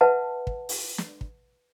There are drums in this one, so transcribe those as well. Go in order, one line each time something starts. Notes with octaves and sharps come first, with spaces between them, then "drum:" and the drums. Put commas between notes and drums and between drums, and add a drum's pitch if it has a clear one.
B4 E5 F#5 A5
drum: kick
drum: open hi-hat
drum: snare
drum: kick